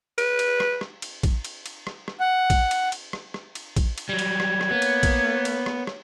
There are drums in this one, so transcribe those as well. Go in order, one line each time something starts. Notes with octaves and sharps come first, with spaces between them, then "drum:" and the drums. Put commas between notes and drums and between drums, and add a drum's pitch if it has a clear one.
B4, drum: cymbal
drum: cymbal
drum: rim click
drum: rim click
drum: cymbal
drum: kick, cymbal
drum: cymbal
drum: cymbal
drum: rim click
drum: rim click
F#5
drum: kick, cymbal
drum: cymbal
drum: cymbal
drum: rim click
drum: rim click
drum: cymbal
drum: kick, cymbal
drum: cymbal
F#3 G3 G#6
drum: cymbal
drum: rim click
drum: rim click
A#3 B3 C#5
drum: cymbal
drum: kick, cymbal
drum: cymbal
drum: rim click
drum: rim click